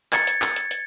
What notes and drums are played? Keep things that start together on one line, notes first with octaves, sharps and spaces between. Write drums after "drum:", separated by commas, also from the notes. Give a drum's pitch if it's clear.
G#6 A6 C#7, drum: clap
drum: hi-hat
drum: clap
drum: hi-hat
drum: hi-hat